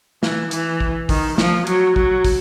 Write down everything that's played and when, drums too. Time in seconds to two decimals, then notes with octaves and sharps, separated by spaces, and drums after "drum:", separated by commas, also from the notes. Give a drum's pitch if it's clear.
0.23 E3, drum: snare
0.51 E3, drum: hi-hat
0.80 drum: kick
1.09 D#3, drum: kick, open hi-hat
1.38 F3, drum: snare
1.67 F#3, drum: hi-hat
1.96 F#3, drum: kick
2.24 drum: kick, open hi-hat